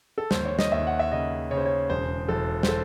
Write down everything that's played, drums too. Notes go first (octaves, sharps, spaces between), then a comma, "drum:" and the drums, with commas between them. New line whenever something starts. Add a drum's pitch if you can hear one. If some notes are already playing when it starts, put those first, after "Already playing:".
A4
D#2 C5, drum: snare
C#5
D#5, drum: snare
D#2 E5
F#5
E5
C#3 D#5
C#3 C#5
C5
C#5
E1 C5
E1 A4
C5, drum: snare
A4